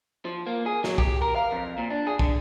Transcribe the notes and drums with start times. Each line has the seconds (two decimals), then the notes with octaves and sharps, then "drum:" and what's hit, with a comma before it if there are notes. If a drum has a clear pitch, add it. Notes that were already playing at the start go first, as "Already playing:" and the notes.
0.25 F3
0.47 A#3
0.66 G#4
0.84 F#3, drum: snare
0.98 G4, drum: kick
1.22 A#4
1.36 F5
1.52 F2
1.78 A#2
1.90 D4
2.07 G#4
2.19 D3, drum: kick